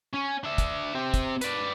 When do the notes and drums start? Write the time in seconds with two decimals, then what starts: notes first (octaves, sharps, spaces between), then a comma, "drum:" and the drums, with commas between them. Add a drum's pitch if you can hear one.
0.14 C#4
0.44 D4 E5
0.58 drum: kick, hi-hat
0.95 C4 G4
1.14 drum: kick, hi-hat
1.41 B4 D5, drum: hi-hat